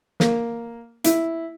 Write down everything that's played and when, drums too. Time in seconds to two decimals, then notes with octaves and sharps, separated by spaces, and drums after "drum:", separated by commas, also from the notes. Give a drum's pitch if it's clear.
0.20 A#3, drum: snare
1.04 E4, drum: hi-hat